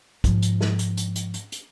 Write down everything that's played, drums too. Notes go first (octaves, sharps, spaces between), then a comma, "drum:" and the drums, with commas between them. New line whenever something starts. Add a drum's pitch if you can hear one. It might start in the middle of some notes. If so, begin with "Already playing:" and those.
G#2 F3, drum: kick, hi-hat
drum: hi-hat
drum: snare
drum: hi-hat
drum: hi-hat
drum: hi-hat
drum: hi-hat
drum: hi-hat